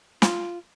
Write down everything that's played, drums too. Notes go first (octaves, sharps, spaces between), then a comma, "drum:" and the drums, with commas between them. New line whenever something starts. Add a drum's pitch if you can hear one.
F4, drum: snare